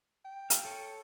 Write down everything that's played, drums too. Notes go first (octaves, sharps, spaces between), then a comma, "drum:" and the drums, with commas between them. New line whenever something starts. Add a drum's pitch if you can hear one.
G5
F5, drum: hi-hat
A4 C#5